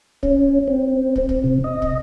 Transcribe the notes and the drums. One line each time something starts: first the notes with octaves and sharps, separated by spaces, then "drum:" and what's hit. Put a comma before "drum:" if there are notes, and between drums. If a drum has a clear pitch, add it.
C#4, drum: kick
C4
drum: kick
drum: kick
C3
D#5
drum: kick